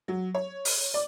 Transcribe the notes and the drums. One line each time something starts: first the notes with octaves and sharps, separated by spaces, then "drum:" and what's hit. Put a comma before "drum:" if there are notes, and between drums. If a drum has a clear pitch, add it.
F#3
C#5
drum: open hi-hat
D5